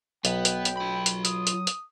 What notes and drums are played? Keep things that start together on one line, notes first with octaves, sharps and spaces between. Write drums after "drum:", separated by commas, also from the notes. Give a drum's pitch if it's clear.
B1 F#3 B3 G5 A5, drum: hi-hat
drum: hi-hat
drum: hi-hat
F4 B5
drum: hi-hat
D#6, drum: hi-hat
drum: hi-hat
drum: hi-hat